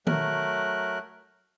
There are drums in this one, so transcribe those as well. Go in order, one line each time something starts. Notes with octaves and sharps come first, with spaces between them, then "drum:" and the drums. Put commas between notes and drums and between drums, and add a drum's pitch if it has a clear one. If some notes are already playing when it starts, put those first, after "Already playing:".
F#3 A3 A#4 F#6, drum: tom